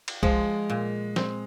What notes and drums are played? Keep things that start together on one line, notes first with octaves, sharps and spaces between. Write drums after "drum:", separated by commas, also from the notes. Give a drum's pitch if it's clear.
drum: cymbal
F3 G#3, drum: kick B1
A#2
C4, drum: snare